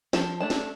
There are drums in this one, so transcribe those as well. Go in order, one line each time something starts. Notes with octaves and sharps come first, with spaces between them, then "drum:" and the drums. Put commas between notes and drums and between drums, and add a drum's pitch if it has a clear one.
F3 A5, drum: snare
A3 D4 A5
drum: snare